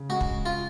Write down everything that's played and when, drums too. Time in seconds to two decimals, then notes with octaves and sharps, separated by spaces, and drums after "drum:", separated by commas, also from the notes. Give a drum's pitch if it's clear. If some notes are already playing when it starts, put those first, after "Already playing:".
Already playing: C#3
0.09 G#3 F#4
0.21 drum: kick
0.46 F4